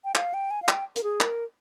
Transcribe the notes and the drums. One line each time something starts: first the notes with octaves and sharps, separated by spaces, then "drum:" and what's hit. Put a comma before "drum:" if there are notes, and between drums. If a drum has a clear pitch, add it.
G5
F5, drum: clap
G5
G#5
F5
G5, drum: clap
A#4, drum: hi-hat
G#4
A#4, drum: clap